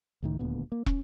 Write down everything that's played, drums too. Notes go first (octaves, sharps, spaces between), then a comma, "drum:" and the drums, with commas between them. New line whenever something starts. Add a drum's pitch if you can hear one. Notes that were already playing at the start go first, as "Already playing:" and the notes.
C#2 A2 D#3
D#1 D2 A#2 B3
A#3
C#4, drum: kick